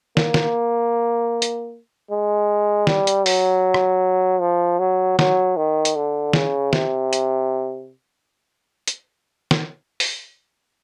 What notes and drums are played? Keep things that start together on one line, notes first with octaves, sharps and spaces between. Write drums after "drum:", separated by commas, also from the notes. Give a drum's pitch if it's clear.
A#3, drum: snare
drum: snare
drum: hi-hat
G#3
G3, drum: snare
drum: hi-hat
F#3, drum: open hi-hat
drum: rim click
F3
F#3
F#3, drum: snare
D#3
drum: hi-hat
D3
C#3, drum: snare
C3, drum: snare
drum: hi-hat
drum: hi-hat
drum: snare
drum: open hi-hat